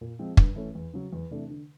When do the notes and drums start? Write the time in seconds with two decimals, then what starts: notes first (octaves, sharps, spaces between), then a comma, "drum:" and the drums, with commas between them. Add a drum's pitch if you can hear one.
0.01 A#2
0.19 F3 G#3 C4
0.37 G2, drum: kick
0.56 E3 A3 C#4
0.75 E2
0.94 C#3 F#3
1.13 E2
1.31 C3 E3 A3 D4
1.50 D3